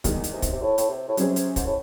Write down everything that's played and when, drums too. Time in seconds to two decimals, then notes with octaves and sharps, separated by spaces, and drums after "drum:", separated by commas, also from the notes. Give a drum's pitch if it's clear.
0.04 E2 D#3 G#3 D#4, drum: kick, hi-hat
0.24 drum: hi-hat
0.33 C3
0.42 drum: kick, hi-hat
0.53 C3
0.61 A2
0.78 A2, drum: hi-hat
0.89 C3
1.08 A2
1.17 C3 F#3 C#4 G#4 C5, drum: hi-hat
1.36 drum: hi-hat
1.56 G#2, drum: kick, hi-hat
1.65 A2